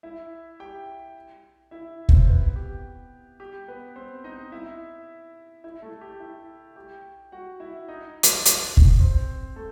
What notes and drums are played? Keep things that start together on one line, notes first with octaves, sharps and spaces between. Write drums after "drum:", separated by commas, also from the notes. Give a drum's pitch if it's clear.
E4 E5
G4 G5
E4 E5
C4 C5, drum: kick
B3 B4
G4
G4
B3 B4
C4 C5
D#4 D#5
E4 E5
E4 E5
A3 A4
G4
E4 E5
G4 G5
F#4 F#5
E4 E5
D#4 D#5
drum: hi-hat
drum: hi-hat
drum: kick
C4 C5
A3 A4